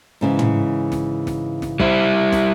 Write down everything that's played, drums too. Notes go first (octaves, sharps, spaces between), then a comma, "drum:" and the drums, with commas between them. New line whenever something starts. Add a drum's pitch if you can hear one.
G#2 C#3 E3
drum: tom
drum: snare
drum: snare
drum: snare
G3 E4 C5, drum: kick
drum: snare